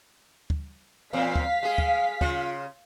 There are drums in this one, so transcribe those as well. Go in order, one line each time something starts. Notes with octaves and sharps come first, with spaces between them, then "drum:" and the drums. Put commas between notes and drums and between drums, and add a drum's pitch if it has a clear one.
drum: kick
E2 A#2 C4 F5 B6
drum: kick
G#3 G#4
drum: kick
C#3 F4, drum: kick